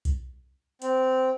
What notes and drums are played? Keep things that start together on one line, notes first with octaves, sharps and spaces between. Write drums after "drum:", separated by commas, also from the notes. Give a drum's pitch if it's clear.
drum: kick B1, hi-hat
C4, drum: hi-hat